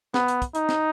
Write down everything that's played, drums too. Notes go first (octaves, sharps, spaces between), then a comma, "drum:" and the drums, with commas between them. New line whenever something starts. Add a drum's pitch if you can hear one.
B3, drum: snare
drum: hi-hat
drum: kick, hi-hat
D#4, drum: hi-hat
drum: snare